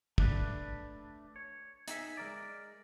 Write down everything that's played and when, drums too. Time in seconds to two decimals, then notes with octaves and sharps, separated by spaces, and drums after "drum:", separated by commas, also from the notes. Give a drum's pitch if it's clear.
0.18 A3 D4 B4, drum: kick
1.36 C#5
1.88 D#4 G#4 E5, drum: hi-hat
2.17 G#3 A#4 D5